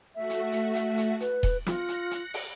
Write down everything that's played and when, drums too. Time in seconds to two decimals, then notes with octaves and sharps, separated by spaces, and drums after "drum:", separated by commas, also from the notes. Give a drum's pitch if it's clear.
0.15 A3 F#4 E5
0.30 drum: hi-hat
0.52 drum: hi-hat
0.75 drum: hi-hat
0.98 drum: hi-hat
1.20 B4, drum: hi-hat
1.43 drum: kick D#1, hi-hat
1.67 F4 F#6 A#6 C#7, drum: snare
1.88 drum: hi-hat
2.11 drum: hi-hat
2.34 drum: open hi-hat